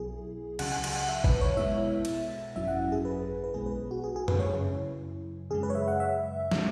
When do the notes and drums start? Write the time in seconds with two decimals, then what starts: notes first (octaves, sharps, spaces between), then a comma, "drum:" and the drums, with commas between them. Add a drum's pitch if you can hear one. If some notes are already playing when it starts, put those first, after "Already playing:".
Already playing: B1 B2 F#3 B3 E4 G#4
0.59 C#2 C#3 F#3 F#5, drum: cymbal
0.72 G#5
0.84 F#5, drum: cymbal
0.96 F#5
1.09 E5
1.24 B4, drum: kick G#1
1.41 C#5
1.57 B2 G#3 B3 E4 E5
2.05 drum: cymbal
2.56 G#1 F#2 F#3 C#4 E4 E5
2.68 F#5
2.92 G#4
3.05 B4
3.44 B4
3.54 B1 B2 G#3 B3 G#4
3.66 B4
3.91 F#4
4.04 G#4
4.16 G#4
4.28 B4, drum: tom F#2
4.40 C#5
4.52 F#2 C#3 F#3 E4
5.50 F#2 C#3 G#3 G#4
5.63 B4
5.70 C#5
5.75 E5
5.88 F#5
6.00 E5
6.52 B2 G#3, drum: snare